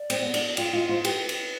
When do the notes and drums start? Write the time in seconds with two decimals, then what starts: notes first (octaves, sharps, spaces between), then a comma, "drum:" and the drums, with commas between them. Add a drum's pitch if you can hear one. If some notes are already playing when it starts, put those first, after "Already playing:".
Already playing: D5
0.10 C4, drum: cymbal
0.22 B3
0.34 D4, drum: cymbal
0.57 F4 G5, drum: cymbal
0.73 F4 D#5
0.89 F4 C5
1.05 G4 B4, drum: cymbal
1.29 drum: cymbal